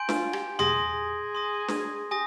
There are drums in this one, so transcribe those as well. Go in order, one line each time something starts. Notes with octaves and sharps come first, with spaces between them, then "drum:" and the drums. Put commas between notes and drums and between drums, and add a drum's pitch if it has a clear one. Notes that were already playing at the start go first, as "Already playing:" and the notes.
Already playing: G#5 C6 G6 D7
F4, drum: snare D4
G4, drum: rim click
G#4 C6 D#6 A#6, drum: tom
C6 D#6 A#6
drum: snare D4
G4 G#5 D#6 A#6